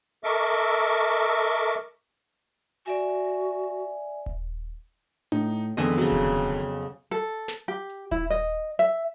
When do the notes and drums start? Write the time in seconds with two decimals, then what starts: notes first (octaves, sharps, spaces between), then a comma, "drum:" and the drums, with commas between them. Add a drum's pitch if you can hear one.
0.24 A4 A#4 D#5 E5 C#6 D6
2.86 F#4 D5 E5 G#5
4.26 drum: kick D#1
5.32 A2 D#4, drum: tom D4
5.77 F2 D3 D#3 G#3 B3 D#5 E5 G#5
5.98 C#3 F#3
6.12 drum: kick D#1
7.11 A4
7.48 drum: snare
7.68 G4
7.89 drum: hi-hat
8.11 E4, drum: kick D#1
8.30 D#5
8.79 E5